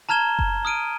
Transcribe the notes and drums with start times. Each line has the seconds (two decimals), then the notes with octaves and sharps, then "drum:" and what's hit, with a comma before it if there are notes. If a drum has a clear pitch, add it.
0.09 A5 A#5 F6 G#6 E7 G7
0.39 drum: kick F#1
0.65 D#6 F6 D7 D#7